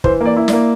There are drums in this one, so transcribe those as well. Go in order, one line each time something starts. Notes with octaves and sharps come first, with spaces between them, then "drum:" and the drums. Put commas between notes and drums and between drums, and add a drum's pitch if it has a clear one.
E3 C5, drum: kick
A#3 D5
E4
D5, drum: snare
A#3